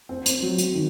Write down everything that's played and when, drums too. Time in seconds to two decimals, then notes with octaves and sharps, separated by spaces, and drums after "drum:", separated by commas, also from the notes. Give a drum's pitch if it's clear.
0.09 C4
0.26 drum: hi-hat
0.42 F#3
0.58 drum: hi-hat
0.74 D#3